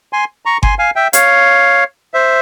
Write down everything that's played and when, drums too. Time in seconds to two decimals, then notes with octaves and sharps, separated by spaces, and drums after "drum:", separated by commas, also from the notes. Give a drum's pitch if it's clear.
0.13 G#5 C6
0.45 A#5 C#6
0.63 G#5 C6, drum: kick G1
0.79 F5 G#5
0.96 E5 G5
1.13 C#5 F5, drum: hi-hat
2.14 C5 E5